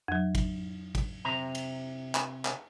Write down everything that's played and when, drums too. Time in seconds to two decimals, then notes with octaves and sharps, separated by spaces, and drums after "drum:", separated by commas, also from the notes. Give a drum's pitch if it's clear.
0.08 F2 F#3
0.35 drum: kick, cymbal
0.95 drum: kick, cymbal
1.25 C3 A#5
1.55 drum: cymbal
2.15 drum: clap
2.45 drum: clap